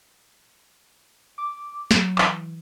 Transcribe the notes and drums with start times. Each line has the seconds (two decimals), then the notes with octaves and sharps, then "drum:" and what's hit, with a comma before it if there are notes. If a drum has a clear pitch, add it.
1.38 D6
1.91 F#3, drum: snare
2.18 E3, drum: clap